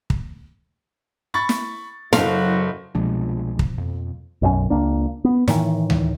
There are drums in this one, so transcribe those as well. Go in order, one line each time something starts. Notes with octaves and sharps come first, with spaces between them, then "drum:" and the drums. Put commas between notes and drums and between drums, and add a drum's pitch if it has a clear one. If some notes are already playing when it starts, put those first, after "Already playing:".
drum: kick
B5 C#6 A6
drum: snare
F#1 F#3 E4 F#4 A4 F5 C6, drum: snare
C2 B2 F3 G#3 A#3 D4
drum: kick
F2
B1 F#2 E3 C#4
C#2 A#3 D4
B3
A2 D#3 E3, drum: snare
drum: tom D2